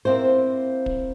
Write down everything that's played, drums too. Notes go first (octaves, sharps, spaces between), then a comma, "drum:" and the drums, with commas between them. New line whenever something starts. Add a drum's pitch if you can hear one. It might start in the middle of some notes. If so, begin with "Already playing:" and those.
A#3 C4 E4 C5
drum: kick